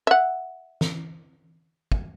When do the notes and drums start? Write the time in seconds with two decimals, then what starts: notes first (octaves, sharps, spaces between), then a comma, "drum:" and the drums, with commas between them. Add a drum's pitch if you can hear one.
0.07 E5 F#5
0.81 drum: snare
1.92 drum: kick